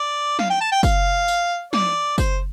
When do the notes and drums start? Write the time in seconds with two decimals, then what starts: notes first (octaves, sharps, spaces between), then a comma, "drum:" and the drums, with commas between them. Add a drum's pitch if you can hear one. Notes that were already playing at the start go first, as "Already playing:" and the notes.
Already playing: D5
0.39 F5, drum: snare
0.50 G5
0.61 A5
0.72 G5
0.83 F5, drum: kick F#1, tambourine
1.28 drum: tambourine
1.73 D5, drum: snare
2.18 C5, drum: kick F#1, tambourine